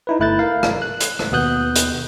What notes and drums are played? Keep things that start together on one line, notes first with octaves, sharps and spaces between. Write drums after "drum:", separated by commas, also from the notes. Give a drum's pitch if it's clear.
D#4 E4 B4
G1 A3 E4 F#6 G6 A6
A#4 F5
drum: rim click
F#6
drum: hi-hat
drum: rim click
D#2 B2 B3 D#6 F#6 G6
drum: hi-hat